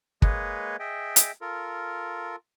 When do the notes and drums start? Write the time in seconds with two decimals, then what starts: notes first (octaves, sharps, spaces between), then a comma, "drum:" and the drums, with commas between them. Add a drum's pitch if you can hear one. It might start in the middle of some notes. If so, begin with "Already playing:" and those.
0.22 G#3 A#3 G#4 B4 C#5 D#5, drum: kick
0.80 G#4 D#5 E5 G5
1.16 drum: hi-hat
1.41 F4 A4 A#4